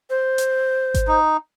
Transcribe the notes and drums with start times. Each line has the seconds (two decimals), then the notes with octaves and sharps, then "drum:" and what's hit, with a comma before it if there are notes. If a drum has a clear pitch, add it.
0.10 C5
0.38 drum: hi-hat
0.94 drum: kick G#1, hi-hat
1.08 D#4